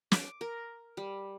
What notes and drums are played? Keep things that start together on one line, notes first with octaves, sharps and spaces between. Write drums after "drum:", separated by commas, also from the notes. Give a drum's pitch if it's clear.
D6, drum: snare
A#4
G3